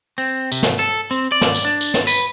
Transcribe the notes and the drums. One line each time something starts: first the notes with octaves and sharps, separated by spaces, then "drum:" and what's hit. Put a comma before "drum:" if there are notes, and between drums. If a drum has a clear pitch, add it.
C4
C3, drum: tambourine
drum: snare
A4
C4
D5
drum: snare
drum: tambourine
D4
drum: tambourine
drum: snare
B4, drum: tambourine